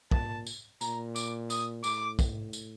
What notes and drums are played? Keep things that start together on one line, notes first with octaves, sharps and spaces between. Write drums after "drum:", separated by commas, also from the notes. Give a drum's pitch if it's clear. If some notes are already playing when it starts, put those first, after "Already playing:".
A#2 A5, drum: kick
drum: tambourine
A#2 A#5, drum: tambourine
D6, drum: tambourine
D#6, drum: tambourine
A2 D6, drum: tambourine
drum: kick, tambourine
drum: tambourine